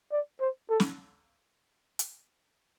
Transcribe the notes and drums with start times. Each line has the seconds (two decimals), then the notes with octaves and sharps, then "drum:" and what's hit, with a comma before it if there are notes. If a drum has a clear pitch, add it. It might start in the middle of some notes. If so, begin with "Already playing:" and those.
0.12 D5
0.41 C5
0.70 A4
0.80 drum: snare
1.99 drum: hi-hat